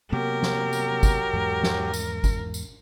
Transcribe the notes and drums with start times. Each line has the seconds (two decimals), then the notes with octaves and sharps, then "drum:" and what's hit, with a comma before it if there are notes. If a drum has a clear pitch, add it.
0.12 C3 F#3 A#3 B3 G4 A#4
0.43 drum: snare
0.73 drum: tambourine
1.03 drum: kick, tambourine
1.33 E2 G#2
1.63 drum: snare
1.94 drum: tambourine
2.24 drum: kick, tambourine
2.54 drum: tambourine